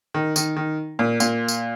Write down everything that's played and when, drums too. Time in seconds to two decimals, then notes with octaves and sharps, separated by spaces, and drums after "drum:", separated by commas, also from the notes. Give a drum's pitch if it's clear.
0.14 D#3
0.36 D#3, drum: tambourine
0.56 D#3
0.99 A#2
1.20 A#2, drum: tambourine
1.48 drum: tambourine